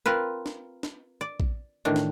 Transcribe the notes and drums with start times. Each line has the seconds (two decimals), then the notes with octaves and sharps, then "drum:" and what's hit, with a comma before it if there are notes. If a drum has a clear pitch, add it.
0.06 C4 F4 A#4 B4
0.46 drum: snare
0.83 drum: snare
1.21 D5
1.40 drum: kick
1.85 A2 D#3 E3 D4
1.96 drum: snare